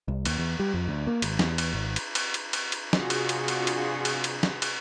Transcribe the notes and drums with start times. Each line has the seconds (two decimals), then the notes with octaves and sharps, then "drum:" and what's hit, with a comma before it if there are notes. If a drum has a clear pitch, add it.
0.08 C2
0.25 D#2, drum: cymbal
0.39 E2
0.60 G3
0.74 F2
0.88 D2
1.07 A#3
1.22 G#1, drum: cymbal
1.39 E2, drum: snare
1.58 drum: cymbal
1.74 G#1
1.96 drum: cymbal
2.15 drum: cymbal
2.34 drum: cymbal
2.53 drum: cymbal
2.72 drum: cymbal
2.93 C3 D4 F4 F#4 G#4, drum: snare
3.10 drum: cymbal
3.29 drum: cymbal
3.48 drum: cymbal
3.67 drum: cymbal
4.05 drum: cymbal
4.24 drum: cymbal
4.43 drum: snare
4.62 drum: cymbal